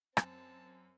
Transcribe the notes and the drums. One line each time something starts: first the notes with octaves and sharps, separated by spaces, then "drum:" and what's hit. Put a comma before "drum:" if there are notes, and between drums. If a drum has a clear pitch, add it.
F#2 C4 A5, drum: rim click